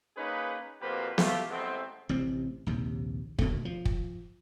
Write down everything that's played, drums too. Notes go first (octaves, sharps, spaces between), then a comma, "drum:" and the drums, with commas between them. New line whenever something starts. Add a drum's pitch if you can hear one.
A#3 C#4 D#4 G#4 B4
F2 B2 A#3 G4 B4 C5
A3 F4 G4, drum: snare
A1 G#3 A3 B3 C4
A1 C3 C4
A#1 D#2 C3
D#2 B2 D3 A3, drum: kick
F3
drum: kick